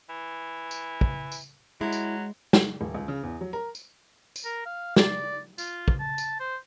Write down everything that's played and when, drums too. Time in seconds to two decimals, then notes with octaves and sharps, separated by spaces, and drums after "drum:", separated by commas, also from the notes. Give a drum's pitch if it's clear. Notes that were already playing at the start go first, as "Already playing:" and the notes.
0.09 E3
0.71 drum: tambourine
1.01 drum: kick
1.32 drum: tambourine
1.81 F#3 G#3 E4
1.92 drum: tambourine
2.53 drum: snare
2.81 D#1
2.95 C#2
3.08 C#3
3.23 E2
3.41 F#3
3.53 A#4
3.75 drum: tambourine
4.36 drum: tambourine
4.45 A#4
4.66 F5
4.96 D5, drum: snare
5.58 F4, drum: tambourine
5.88 drum: kick
6.00 A5
6.18 drum: tambourine
6.40 C5